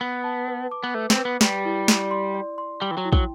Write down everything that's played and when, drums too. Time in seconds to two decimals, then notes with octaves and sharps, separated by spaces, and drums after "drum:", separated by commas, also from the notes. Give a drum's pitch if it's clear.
0.01 B3 B4
0.24 A5
0.48 B4
0.71 D6
0.84 B3
0.94 A3 B4
1.10 C4, drum: snare
1.18 B4
1.25 B3
1.41 G3 G4, drum: snare
1.65 E4
1.88 D5, drum: snare
2.11 C6
2.34 D5
2.58 C6
2.81 G3 G5
2.91 E3
2.97 F#3
3.05 E4
3.13 F#3, drum: kick